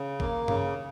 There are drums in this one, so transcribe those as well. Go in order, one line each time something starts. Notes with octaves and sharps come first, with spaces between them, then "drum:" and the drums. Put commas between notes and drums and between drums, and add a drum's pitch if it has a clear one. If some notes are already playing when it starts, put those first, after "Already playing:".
Already playing: C#3
A#3, drum: kick G#1
C#3, drum: tom G2